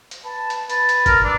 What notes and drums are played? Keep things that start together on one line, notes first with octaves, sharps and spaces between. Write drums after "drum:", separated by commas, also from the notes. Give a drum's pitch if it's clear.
drum: hi-hat
B4 A5
drum: hi-hat
B4 A6, drum: hi-hat
drum: hi-hat
A#4, drum: kick, hi-hat
D4 D5 E6